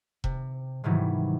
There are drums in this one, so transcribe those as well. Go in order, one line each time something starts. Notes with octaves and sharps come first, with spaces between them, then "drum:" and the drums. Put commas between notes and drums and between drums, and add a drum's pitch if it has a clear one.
C3, drum: kick E1
G#2 C3 D#3 E3 F#3 G3